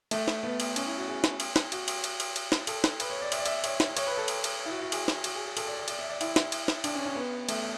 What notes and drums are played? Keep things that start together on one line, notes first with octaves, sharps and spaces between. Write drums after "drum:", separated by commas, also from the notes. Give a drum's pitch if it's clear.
A3, drum: cymbal
drum: snare
B3
drum: cymbal
C#4, drum: cymbal
E4
F#4
G#4
drum: snare
drum: cymbal
drum: snare
F#4, drum: cymbal
drum: cymbal
drum: cymbal
drum: cymbal
drum: cymbal
drum: snare
A4, drum: cymbal
drum: snare
B4, drum: cymbal
C#5
D5
E5, drum: cymbal
D5
E5, drum: cymbal
C#5, drum: cymbal
drum: snare
C#5, drum: cymbal
B4
A4
drum: cymbal
drum: cymbal
E4
F#4
F#4
G#4, drum: cymbal
drum: snare
F#4, drum: cymbal
G#4
G#4
A4, drum: cymbal
D5
D5
D5, drum: cymbal
E5
D5
E4, drum: cymbal
drum: snare
drum: cymbal
drum: snare
D4, drum: cymbal
C#4
C#4
B3
A3, drum: cymbal